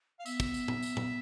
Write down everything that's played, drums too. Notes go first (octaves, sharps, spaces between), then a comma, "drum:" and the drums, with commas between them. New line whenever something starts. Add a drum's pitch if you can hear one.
F5
B3 E5, drum: tambourine
drum: kick, tambourine
drum: tambourine
drum: tom A#2
drum: tambourine
drum: tom A#2